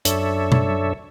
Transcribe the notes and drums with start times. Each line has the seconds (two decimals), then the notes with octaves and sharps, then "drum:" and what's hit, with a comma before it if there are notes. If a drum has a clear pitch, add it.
0.05 F#2 D4 A4 C#5 E5, drum: hi-hat
0.52 drum: tom